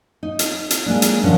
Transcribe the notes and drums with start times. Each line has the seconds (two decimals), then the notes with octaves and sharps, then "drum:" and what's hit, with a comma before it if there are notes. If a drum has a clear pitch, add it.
0.23 D#4
0.39 drum: hi-hat
0.70 drum: hi-hat
0.86 G#3 A#3 D4
1.02 drum: hi-hat
1.24 D3 D#3 F3 C#4 D4 A4